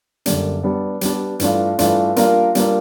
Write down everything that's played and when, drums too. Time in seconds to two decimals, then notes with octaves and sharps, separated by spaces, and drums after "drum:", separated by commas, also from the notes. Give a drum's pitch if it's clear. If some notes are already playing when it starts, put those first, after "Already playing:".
0.26 F#2 D3 G3 A#3 D4, drum: hi-hat
0.63 G3 B3 D4 G4
1.01 G3 B3 D4 G4, drum: hi-hat
1.40 G2 E3 A3 D4 F4, drum: hi-hat
1.79 G2 E3 A3 D4 F4, drum: hi-hat
2.16 G3 A#3 D4 F4 A#4, drum: hi-hat
2.55 G3 A#3 D4 F4 A#4, drum: hi-hat